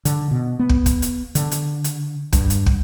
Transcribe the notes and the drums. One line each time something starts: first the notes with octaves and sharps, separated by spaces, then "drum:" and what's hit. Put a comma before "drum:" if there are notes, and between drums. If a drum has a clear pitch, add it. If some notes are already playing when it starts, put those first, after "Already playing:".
D3, drum: hi-hat
B2
B3
drum: kick
drum: kick, hi-hat
drum: hi-hat
D3, drum: hi-hat
drum: hi-hat
drum: hi-hat
G2, drum: kick, hi-hat
drum: hi-hat
drum: kick